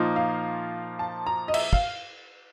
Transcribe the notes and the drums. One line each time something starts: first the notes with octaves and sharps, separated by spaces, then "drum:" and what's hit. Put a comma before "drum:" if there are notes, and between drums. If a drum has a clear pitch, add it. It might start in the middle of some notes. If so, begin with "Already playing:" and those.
Already playing: A#2 F3 A#3 D#4
F5
A5
A#5
D#5
E5, drum: cymbal
F5, drum: kick